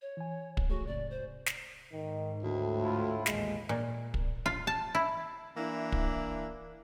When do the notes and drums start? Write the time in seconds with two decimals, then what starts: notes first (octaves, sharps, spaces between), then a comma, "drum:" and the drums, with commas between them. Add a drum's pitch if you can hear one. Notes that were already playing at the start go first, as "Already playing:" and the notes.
0.01 C#5
0.17 E3 G#5
0.57 drum: kick
0.70 A3 F#4 G#4 C#5
0.86 G#2 C3 D5
1.10 C5
1.46 drum: snare
1.92 G#2 D#3
2.43 D2 A2
2.80 E4 F4
3.26 A1 D#2 G#3, drum: snare
3.69 A#2
4.14 drum: kick
4.46 F4
4.67 A5
4.95 E4
5.57 E3 A#3 D4 E4
5.92 drum: kick